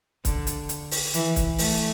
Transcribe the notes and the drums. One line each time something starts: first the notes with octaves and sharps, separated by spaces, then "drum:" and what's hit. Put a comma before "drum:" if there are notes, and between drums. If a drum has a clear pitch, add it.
D3, drum: kick C#1, hi-hat
drum: hi-hat
drum: hi-hat
drum: open hi-hat
E3, drum: hi-hat
drum: kick C#1, hi-hat
A3, drum: open hi-hat